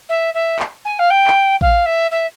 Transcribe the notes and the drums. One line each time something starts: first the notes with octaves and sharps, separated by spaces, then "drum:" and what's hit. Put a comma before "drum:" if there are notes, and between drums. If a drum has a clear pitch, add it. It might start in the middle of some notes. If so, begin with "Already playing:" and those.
E5
E5
drum: clap
G#5
F5
G5
drum: clap
F5, drum: kick A1
E5
E5